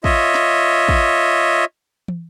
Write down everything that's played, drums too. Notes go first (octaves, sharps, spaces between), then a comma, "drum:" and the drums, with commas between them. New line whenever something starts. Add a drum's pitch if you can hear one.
F4 C#5 D#5 E5, drum: kick
drum: snare
drum: kick
drum: tom